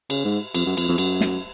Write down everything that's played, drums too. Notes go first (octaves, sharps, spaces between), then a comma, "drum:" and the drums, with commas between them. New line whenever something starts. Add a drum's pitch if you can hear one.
C#3, drum: cymbal
G#2
F2, drum: cymbal
F#2
F2, drum: cymbal
F2
F#2, drum: cymbal
drum: snare